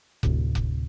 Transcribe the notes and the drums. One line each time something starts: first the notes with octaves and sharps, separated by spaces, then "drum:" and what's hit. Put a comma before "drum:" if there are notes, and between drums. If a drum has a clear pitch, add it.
D2 A2 C3, drum: kick F1
drum: kick F1